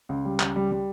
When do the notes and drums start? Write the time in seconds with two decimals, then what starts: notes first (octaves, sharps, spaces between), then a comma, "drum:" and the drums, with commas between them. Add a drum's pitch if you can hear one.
0.09 C#2
0.25 G3
0.40 C#2, drum: clap
0.56 G3
0.71 G3